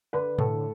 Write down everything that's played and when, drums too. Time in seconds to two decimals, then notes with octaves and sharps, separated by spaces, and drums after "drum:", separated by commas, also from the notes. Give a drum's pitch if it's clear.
0.13 D3 B4
0.39 A2 A4, drum: tom B2